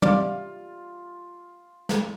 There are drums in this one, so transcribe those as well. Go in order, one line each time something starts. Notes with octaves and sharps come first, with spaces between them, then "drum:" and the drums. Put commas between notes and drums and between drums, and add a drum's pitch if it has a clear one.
G3 F4 D5, drum: tom
drum: snare